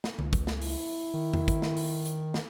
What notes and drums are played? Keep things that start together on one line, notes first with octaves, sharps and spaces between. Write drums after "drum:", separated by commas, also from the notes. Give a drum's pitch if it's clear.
drum: snare
C#2, drum: tom D3
drum: kick, hi-hat
drum: snare
E4, drum: open hi-hat
D#3
drum: tom E2
drum: kick, hi-hat
drum: snare
drum: open hi-hat
drum: hi-hat
drum: snare